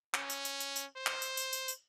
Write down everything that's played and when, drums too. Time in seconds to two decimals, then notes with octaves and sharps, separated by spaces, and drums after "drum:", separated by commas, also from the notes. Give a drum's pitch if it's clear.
0.14 C#4, drum: clap
0.30 drum: tambourine
0.45 drum: tambourine
0.60 drum: tambourine
0.76 drum: tambourine
0.96 C5
1.07 drum: clap
1.22 drum: tambourine
1.37 drum: tambourine
1.53 drum: tambourine
1.68 drum: tambourine